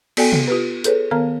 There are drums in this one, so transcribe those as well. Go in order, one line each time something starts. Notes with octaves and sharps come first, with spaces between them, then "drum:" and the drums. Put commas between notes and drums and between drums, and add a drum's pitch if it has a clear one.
B3 F#4 A4 D5 G5 G#5, drum: cymbal
drum: tom C3
F4 G4 B4
G#4 A4 B4 C#5, drum: hi-hat
D#3 B3 A#4 F5 A#5 F6